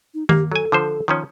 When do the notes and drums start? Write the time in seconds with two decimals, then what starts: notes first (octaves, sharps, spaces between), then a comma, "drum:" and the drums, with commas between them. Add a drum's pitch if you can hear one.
0.14 D#4
0.29 A#3 G4, drum: tom D#3
0.52 F#3 A4 G#5
0.72 D3 F3 C5
1.08 D#3 F3 C#4